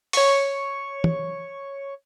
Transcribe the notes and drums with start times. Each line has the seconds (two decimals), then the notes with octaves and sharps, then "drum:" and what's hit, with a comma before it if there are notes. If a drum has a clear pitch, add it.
0.13 C#5 C#6, drum: open hi-hat
1.04 drum: tom